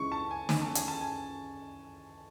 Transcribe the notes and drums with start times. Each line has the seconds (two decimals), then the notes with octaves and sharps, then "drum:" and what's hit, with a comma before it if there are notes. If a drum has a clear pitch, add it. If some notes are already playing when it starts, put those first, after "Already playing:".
Already playing: C#2 C#3 E3 G#3 D4 C#6
0.12 A5
0.31 G#5
0.49 G#5, drum: snare
0.62 A5
0.75 G#5, drum: hi-hat
0.88 A5
1.01 G#5